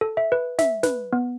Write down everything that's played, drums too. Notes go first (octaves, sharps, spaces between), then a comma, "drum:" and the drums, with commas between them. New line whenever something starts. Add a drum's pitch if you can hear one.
A4
E5
B4
E5, drum: snare
B4, drum: snare
B3